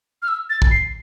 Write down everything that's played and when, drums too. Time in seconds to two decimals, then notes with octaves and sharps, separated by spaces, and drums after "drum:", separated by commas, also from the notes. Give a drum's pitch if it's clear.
0.22 F6
0.28 E6
0.50 A6
0.62 drum: kick
0.71 C7